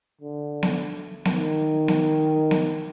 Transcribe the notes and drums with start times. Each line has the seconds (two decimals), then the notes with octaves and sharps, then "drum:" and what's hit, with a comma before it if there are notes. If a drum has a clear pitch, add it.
0.21 D3
0.63 drum: snare B3
1.25 D#3, drum: snare B3
1.88 drum: snare B3
2.51 drum: snare B3